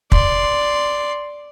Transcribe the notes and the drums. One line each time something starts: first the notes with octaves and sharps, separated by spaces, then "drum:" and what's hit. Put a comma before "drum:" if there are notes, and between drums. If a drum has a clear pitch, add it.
D5 C6, drum: kick